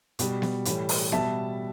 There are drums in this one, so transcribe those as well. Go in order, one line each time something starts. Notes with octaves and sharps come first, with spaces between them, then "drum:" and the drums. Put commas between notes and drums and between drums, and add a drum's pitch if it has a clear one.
B2 G3, drum: hi-hat
drum: snare B3
A2 E3 G3, drum: hi-hat
drum: open hi-hat
B2 G3 E5 A5, drum: snare B3